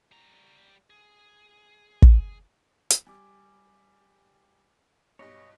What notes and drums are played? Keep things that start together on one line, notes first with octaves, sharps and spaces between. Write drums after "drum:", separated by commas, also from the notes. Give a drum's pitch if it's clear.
G3 A#5
G#4
drum: kick
drum: hi-hat
G3 G#5 D6 E6
B1 G2 C#5 D#5